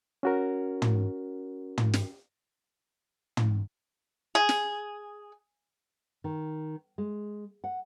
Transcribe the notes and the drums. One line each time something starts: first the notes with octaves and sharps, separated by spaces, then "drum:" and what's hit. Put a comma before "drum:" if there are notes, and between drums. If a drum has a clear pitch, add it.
C#4 F#4 A#4
drum: tom
drum: tom
drum: snare
drum: tom
G#4
drum: snare
D#3
G#3
F#5